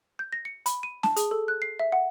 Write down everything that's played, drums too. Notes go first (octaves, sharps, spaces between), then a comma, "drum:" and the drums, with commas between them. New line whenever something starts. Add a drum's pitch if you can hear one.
G6
A#6
C#7
B5, drum: hi-hat
D#7
A5, drum: snare
G#4, drum: hi-hat
A4
F#6
C7
E5
F#5